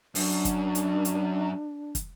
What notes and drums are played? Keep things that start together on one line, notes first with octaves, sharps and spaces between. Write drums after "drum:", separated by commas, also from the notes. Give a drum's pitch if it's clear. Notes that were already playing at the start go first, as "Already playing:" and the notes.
F#2 D4, drum: open hi-hat
drum: kick, hi-hat
drum: hi-hat
drum: hi-hat
drum: kick, hi-hat